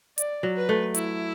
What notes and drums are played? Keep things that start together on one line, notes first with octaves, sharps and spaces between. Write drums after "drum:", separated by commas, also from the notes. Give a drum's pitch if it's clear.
D5, drum: hi-hat
F#3
B4
A3
E4, drum: hi-hat